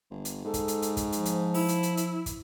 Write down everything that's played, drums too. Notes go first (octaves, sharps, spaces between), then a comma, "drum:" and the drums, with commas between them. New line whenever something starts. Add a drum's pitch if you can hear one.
G1
drum: hi-hat
G#2 A4
drum: kick, hi-hat
drum: hi-hat
drum: hi-hat
drum: kick, hi-hat
F3, drum: hi-hat
drum: hi-hat
E4, drum: open hi-hat
drum: hi-hat
drum: hi-hat
drum: hi-hat
drum: kick, hi-hat